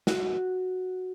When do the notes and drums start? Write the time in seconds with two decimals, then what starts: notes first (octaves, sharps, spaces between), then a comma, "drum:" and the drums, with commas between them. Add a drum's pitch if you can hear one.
0.07 F#4, drum: snare